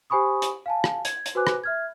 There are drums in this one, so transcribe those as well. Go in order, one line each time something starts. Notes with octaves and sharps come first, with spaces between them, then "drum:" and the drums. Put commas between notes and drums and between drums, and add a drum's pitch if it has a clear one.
G4 C5 G#5 B5 C#6 D#6
drum: hi-hat
F5 G#5 A5
drum: rim click
G#6, drum: hi-hat
drum: hi-hat
F#4 B4 C5 G#5 D6 F#6
drum: rim click
E5 F6 G#6